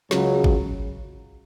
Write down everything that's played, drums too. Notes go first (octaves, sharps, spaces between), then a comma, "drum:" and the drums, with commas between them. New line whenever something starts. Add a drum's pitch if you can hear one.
C#2 C#3 F#3, drum: snare
drum: kick G#1